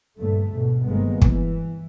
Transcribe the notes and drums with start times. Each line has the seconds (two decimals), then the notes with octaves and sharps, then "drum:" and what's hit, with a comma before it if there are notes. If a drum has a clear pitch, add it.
0.18 D2 G2 A#2 A3
0.51 G#2 B2
0.87 G1 C3 D#3 G#3 A#3 B3
1.22 E3, drum: kick